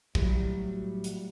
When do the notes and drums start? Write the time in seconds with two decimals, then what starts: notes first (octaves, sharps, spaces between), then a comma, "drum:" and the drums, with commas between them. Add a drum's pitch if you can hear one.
0.15 A2 F#3 G3, drum: kick
1.04 drum: hi-hat